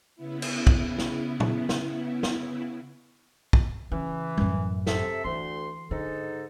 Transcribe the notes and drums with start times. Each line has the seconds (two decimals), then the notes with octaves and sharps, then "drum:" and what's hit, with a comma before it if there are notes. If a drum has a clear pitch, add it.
0.16 C#3 B3 E4
0.42 drum: cymbal
0.67 drum: kick
0.98 drum: snare
1.40 drum: tom
1.69 drum: snare
2.23 drum: snare
3.53 drum: kick
3.92 C#3 E3
4.37 A1 F#2, drum: tom
4.86 C3 A4 E5, drum: snare
5.25 D2 E3 C6
5.91 G#2 D3 D#4 A4